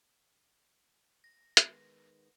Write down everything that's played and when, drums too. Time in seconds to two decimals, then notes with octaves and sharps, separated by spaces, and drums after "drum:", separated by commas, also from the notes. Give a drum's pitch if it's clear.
1.24 A#6
1.57 D#3 G#3 B3, drum: hi-hat